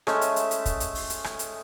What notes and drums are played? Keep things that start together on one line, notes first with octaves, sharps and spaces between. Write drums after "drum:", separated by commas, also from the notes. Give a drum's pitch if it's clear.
G#3 A3 C#4 E5, drum: rim click
drum: hi-hat
drum: hi-hat
drum: hi-hat
drum: kick, hi-hat
drum: hi-hat
drum: open hi-hat
drum: hi-hat
drum: rim click
drum: hi-hat